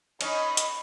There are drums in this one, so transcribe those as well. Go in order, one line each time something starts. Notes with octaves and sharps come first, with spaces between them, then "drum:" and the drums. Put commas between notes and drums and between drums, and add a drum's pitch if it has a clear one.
C#4 D#4 D#5 B5, drum: cymbal
drum: hi-hat